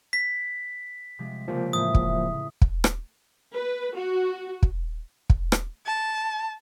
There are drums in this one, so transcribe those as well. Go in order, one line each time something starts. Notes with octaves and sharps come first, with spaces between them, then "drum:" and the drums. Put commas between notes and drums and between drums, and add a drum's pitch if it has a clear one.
G#6 B6
C3 F3 G#3
C#3 F3 A#3 C4 G4
F1 A2 E3 D#6
drum: kick
drum: kick
drum: rim click
B4
F#4
drum: kick
drum: kick
drum: rim click
A5